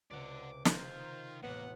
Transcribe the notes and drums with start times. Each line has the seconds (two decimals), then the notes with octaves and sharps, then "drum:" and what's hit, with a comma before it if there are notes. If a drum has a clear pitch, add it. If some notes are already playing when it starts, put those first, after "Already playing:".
0.11 C#2 C3 D5 F#5 D6
0.65 D#3 D#4 F4 A#4 C5 C6, drum: snare
1.43 E1 A1 A#3 B3 F#5 B6